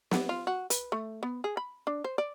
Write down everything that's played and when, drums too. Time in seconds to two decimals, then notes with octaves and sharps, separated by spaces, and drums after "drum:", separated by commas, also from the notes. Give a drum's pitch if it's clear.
0.11 B3, drum: snare
0.29 F4
0.47 F#4
0.70 B4, drum: hi-hat
0.92 A3
1.23 B3
1.44 G#4
1.57 B5
1.87 D4
2.04 C5
2.18 D5